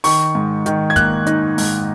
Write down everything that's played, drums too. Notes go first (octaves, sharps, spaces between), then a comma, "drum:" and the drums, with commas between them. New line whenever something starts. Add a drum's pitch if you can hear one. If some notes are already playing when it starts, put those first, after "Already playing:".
D#3 C#6, drum: open hi-hat
G#2
D#3, drum: hi-hat
G#6
A#3 F#6, drum: kick, hi-hat
D#4, drum: hi-hat
G#2, drum: open hi-hat